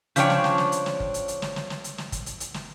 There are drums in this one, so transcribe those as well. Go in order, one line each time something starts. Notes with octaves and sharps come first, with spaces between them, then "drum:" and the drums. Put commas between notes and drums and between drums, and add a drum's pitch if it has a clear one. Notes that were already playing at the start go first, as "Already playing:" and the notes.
C#3 F3 D4 C#5 G5, drum: hi-hat
drum: snare
drum: snare
drum: snare
drum: hi-hat
drum: snare
drum: kick
drum: hi-hat
drum: hi-hat
drum: snare
drum: snare
drum: snare
drum: hi-hat
drum: snare
drum: kick, hi-hat
drum: hi-hat
drum: hi-hat
drum: snare